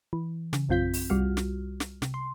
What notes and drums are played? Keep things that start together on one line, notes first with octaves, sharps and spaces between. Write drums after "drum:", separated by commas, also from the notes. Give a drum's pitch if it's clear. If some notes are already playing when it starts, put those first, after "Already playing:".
E3
C#3, drum: snare
A#1 F#2 C4 F4 G6 B6
drum: open hi-hat
C2 G3 F4 F#4 F6
drum: snare
drum: snare
C3, drum: snare
C6